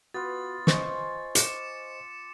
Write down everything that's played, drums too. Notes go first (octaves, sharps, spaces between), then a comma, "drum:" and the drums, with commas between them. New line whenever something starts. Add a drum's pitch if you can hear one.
B3 F4 F#4 A6
C5 D#5 G#5 C6 C#6, drum: snare
D6 C#7 E7, drum: hi-hat